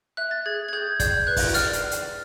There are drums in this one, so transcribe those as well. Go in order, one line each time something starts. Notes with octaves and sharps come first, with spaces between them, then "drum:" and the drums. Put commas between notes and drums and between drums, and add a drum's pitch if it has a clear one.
E5 F#6
A6
G#4 G#6
G#6
G#4 G6
D5 G6, drum: kick, hi-hat
B4 F#6
drum: kick, open hi-hat
D5 F6, drum: hi-hat
drum: hi-hat
drum: hi-hat